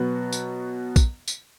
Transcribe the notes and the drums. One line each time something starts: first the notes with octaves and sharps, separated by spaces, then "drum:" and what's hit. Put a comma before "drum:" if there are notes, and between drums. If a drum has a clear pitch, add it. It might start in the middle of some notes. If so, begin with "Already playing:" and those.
Already playing: B2 F#3 B3 F#4
drum: tambourine
drum: kick A#1, tambourine
drum: tambourine